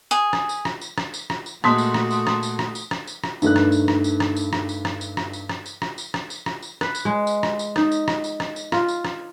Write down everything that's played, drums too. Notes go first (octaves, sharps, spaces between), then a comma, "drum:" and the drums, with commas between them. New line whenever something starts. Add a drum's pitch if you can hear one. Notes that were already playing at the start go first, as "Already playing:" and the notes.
G#4
drum: rim click
drum: tambourine
drum: rim click
drum: tambourine
drum: rim click
drum: tambourine
drum: rim click
drum: tambourine
A#2 G#3 A3 F#4 A5 C6 D#6 B6, drum: rim click
drum: tambourine
drum: rim click
drum: tambourine
drum: rim click
drum: tambourine
drum: rim click
drum: tambourine
drum: rim click
drum: tambourine
drum: rim click
G2 D#3 A3 B4 D5 F#6, drum: tambourine
drum: rim click
drum: tambourine
drum: rim click
drum: tambourine
drum: rim click
drum: tambourine
drum: rim click
drum: tambourine
drum: rim click
drum: tambourine
drum: rim click
drum: tambourine
drum: rim click
drum: tambourine
drum: rim click
drum: tambourine
drum: rim click
drum: tambourine
drum: rim click
drum: tambourine
B4, drum: rim click
drum: tambourine
G#3
drum: tambourine
drum: rim click
drum: tambourine
D#4, drum: rim click
drum: tambourine
drum: rim click
drum: tambourine
drum: rim click
drum: tambourine
F4, drum: rim click
drum: tambourine
drum: rim click